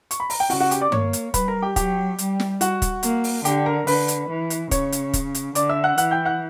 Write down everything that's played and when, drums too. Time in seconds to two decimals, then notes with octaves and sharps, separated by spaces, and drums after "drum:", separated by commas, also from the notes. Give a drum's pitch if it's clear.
0.11 C#6, drum: hi-hat
0.20 B5
0.30 A#5, drum: open hi-hat
0.40 G5
0.50 C#3 F#4 F#5, drum: open hi-hat
0.60 F#4 F#5
0.71 G4 G5, drum: hi-hat
0.81 D5 D6
0.92 A#3 C#5 C#6, drum: tom G2
1.13 drum: hi-hat
1.34 G3 B4 B5, drum: kick, hi-hat
1.48 A#4 A#5
1.62 G4 G5
1.76 F#3 G4 G5, drum: kick, hi-hat
2.18 G3, drum: hi-hat
2.40 drum: snare
2.61 F#4 F#5, drum: hi-hat
2.82 drum: kick, hi-hat
3.03 A#3, drum: hi-hat
3.24 drum: open hi-hat
3.45 D3 G4 G5, drum: hi-hat
3.66 A#4 A#5
3.87 D3 B4 B5, drum: open hi-hat
4.08 drum: hi-hat
4.29 E3
4.50 drum: hi-hat
4.71 C#3 C#5 C#6, drum: kick, hi-hat
4.92 drum: hi-hat
5.13 drum: kick, hi-hat
5.35 drum: hi-hat
5.55 D3 D5 D6, drum: hi-hat
5.69 E5 E6
5.84 F#5 F#6
5.98 E3 F#5 F#6, drum: hi-hat
6.11 G5 G6
6.25 F#5 F#6